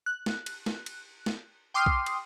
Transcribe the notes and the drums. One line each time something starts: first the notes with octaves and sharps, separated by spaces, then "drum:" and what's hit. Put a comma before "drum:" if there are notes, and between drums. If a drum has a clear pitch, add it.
F#6
drum: snare
drum: cymbal
drum: snare
drum: cymbal
drum: snare
G5 C6 D6 D#6 F6 C7
drum: kick B1
drum: cymbal